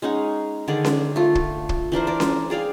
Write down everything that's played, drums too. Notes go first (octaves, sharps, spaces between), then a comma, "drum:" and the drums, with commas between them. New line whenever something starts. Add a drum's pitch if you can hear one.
G#3 C#4 D#4 F#5
D3 D#3 G#4 D5
drum: snare C#4
A3 F4
drum: kick
drum: kick
E3 D4 A#4 C5
A#4 D5
drum: snare C#4
G#4 D5 F5 G5